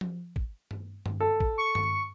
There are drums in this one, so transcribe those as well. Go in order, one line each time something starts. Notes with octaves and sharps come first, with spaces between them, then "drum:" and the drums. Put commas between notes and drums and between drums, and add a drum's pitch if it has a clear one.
drum: tom F3
drum: kick
drum: tom G2
drum: tom G2
A4
drum: kick
C#6
drum: tom G2